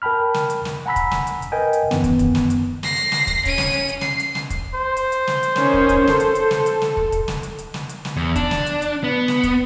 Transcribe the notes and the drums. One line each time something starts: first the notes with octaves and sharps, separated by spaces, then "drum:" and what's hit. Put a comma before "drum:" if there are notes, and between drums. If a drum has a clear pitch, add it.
A#4 G5 A5 B5 F6
drum: snare
drum: hi-hat
drum: snare
F#5 G#5 A#5 B5 E6 B6
drum: kick, hi-hat
drum: snare
drum: hi-hat
drum: hi-hat
A#4 B4 D#5 G5 G#5
drum: hi-hat
F#2 D#3 E3 B3, drum: snare
drum: kick, hi-hat
drum: kick, hi-hat
drum: snare
drum: hi-hat
A#6 C7, drum: snare
drum: hi-hat
drum: snare
drum: kick, hi-hat
C#4 D#7, drum: kick, hi-hat
drum: snare
drum: hi-hat
drum: hi-hat
C7, drum: snare
drum: hi-hat
drum: snare
drum: kick, hi-hat
C5
drum: hi-hat
drum: hi-hat
drum: snare
drum: hi-hat
D#3 C#4, drum: snare
drum: kick
drum: kick, hi-hat
A4, drum: snare
drum: hi-hat
drum: hi-hat
drum: snare
drum: hi-hat
drum: snare
drum: kick
drum: kick, hi-hat
drum: snare
drum: hi-hat
drum: hi-hat
drum: snare
drum: hi-hat
drum: snare
E2
D4, drum: kick, hi-hat
drum: snare
drum: hi-hat
drum: hi-hat
B3
drum: snare
drum: kick, hi-hat